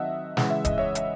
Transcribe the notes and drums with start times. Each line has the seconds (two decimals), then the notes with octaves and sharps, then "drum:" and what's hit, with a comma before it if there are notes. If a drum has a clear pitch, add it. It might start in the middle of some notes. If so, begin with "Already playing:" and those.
Already playing: D#3 F#3 C4 D#5 E5 F#5 A5
0.37 C#3 E3 G#3 F#5, drum: snare
0.50 E5
0.65 D#5, drum: kick, hi-hat
0.78 C#5 E5
0.95 drum: hi-hat